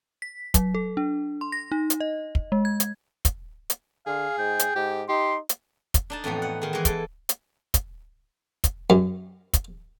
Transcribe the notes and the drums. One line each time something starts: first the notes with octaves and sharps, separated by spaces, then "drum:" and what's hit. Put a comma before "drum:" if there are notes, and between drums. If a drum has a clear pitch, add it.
B6
F#3, drum: kick, hi-hat
A4
D4
C6
A#6
D#4
drum: hi-hat
D#5
drum: kick
G#3
G#6
drum: hi-hat
drum: kick, hi-hat
drum: hi-hat
D3 G#4 F5
G#2 G5
drum: hi-hat
G#2 G4
D#4 G4 C6
drum: hi-hat
drum: kick, hi-hat
D4 D#4 A5
F2 A2 E3 B3 D#4
F#5
D#3 G#4
E3 G#3
A4 G5, drum: kick, hi-hat
drum: hi-hat
drum: kick, hi-hat
drum: kick, hi-hat
F#2
drum: kick, hi-hat